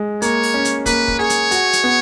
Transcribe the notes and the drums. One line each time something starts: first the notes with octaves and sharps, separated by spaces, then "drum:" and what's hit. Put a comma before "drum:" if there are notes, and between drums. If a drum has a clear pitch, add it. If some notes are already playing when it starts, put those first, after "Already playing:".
Already playing: G#3
A#3 C#5, drum: hi-hat
drum: open hi-hat
C#4
drum: hi-hat
A#3 B4, drum: kick, hi-hat
drum: kick
G#4 C#5
drum: hi-hat
F#4, drum: hi-hat
drum: hi-hat
B3